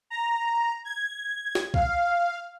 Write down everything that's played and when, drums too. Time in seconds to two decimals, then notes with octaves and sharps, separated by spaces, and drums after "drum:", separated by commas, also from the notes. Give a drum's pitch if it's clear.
0.10 A#5
0.85 G#6
1.55 drum: snare
1.74 F5, drum: kick C2